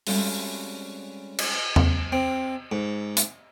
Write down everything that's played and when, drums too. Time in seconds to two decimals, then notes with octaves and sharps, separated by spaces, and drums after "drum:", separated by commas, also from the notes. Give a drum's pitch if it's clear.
0.07 G3 G#3 C4 C#4 F#4 A4, drum: open hi-hat
1.39 drum: cymbal
1.76 drum: tom E2
2.12 C4
2.72 G#2
3.17 drum: hi-hat